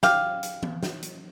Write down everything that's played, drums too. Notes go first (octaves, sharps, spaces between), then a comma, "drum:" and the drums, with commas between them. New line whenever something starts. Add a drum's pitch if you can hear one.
G4 F5, drum: snare
drum: hi-hat
drum: tom E3
drum: snare
drum: hi-hat